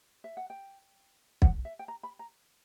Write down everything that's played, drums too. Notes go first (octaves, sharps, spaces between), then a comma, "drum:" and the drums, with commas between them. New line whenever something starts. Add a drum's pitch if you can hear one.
E5
F#5
G5
F#5, drum: kick
E5
G5
A#5
B5
A#5